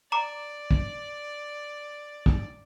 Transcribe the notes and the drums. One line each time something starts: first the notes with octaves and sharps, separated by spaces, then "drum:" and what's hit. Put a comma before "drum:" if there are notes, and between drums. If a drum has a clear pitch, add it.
D5 A#5 D6
drum: kick
drum: kick